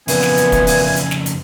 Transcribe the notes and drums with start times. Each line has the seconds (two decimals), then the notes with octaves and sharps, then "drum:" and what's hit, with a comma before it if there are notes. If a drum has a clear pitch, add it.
0.08 F2 A#2 C#3 E3 B3 G#5, drum: open hi-hat
0.23 drum: snare
0.37 drum: hi-hat
0.52 drum: kick, hi-hat
0.67 drum: open hi-hat
0.96 drum: hi-hat
1.11 drum: snare
1.26 drum: hi-hat